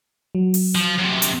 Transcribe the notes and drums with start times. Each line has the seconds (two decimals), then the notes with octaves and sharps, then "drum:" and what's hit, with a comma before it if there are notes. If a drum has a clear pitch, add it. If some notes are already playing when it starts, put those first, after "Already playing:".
0.35 F#3
0.54 drum: open hi-hat
0.75 F3
0.99 F#2 C3
1.22 drum: hi-hat